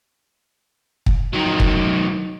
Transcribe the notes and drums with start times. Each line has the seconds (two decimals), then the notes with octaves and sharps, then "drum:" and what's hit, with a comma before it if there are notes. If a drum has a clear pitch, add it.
1.06 drum: kick
1.33 D#3 F#3
1.60 drum: kick